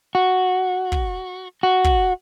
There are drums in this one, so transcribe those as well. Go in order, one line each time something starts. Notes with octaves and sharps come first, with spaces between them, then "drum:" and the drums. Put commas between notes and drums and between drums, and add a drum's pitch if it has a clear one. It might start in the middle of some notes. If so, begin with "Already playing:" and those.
F#4
drum: kick
F#4
drum: kick